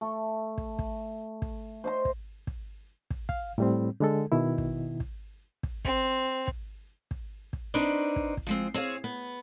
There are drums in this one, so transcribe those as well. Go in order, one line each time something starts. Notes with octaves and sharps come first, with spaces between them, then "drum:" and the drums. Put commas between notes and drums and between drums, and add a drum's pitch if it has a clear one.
A3
drum: kick
drum: kick
drum: kick
C5 D#5 C6
drum: kick
drum: kick
drum: kick
F5, drum: kick
A2 G3 C4
D3 G#3 A4
B2 D#3 E4
drum: kick
drum: kick
drum: kick
C4, drum: kick
drum: kick
drum: kick
drum: kick
C4 D4 D#4 B4 C5 D5
drum: kick
drum: kick
F3 G#3 C4
C4 G#4 C#5 F5
B3